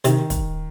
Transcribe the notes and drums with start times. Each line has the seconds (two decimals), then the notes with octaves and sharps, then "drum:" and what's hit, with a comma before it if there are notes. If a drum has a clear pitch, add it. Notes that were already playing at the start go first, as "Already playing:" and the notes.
0.05 C3 D#3, drum: hi-hat
0.30 drum: kick, hi-hat